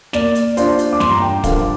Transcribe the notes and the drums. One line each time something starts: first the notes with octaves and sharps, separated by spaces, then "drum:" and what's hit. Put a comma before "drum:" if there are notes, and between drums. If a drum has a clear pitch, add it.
A#3 D5, drum: snare
drum: hi-hat
D4 F4 C5 D5, drum: hi-hat
drum: hi-hat
D6
G2 C6, drum: snare
A#5
G5
D3 F3 D4 A#4 F5, drum: kick, hi-hat